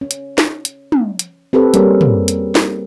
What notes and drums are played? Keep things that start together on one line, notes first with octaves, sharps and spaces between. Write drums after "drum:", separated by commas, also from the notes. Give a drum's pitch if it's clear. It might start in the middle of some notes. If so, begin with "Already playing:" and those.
C#4
drum: hi-hat
drum: snare
drum: hi-hat
drum: tom
drum: hi-hat
C4 G4 A4 B4
G3 A#3 C#4 G#4 A#4 C5, drum: hi-hat
drum: tom
drum: hi-hat
drum: snare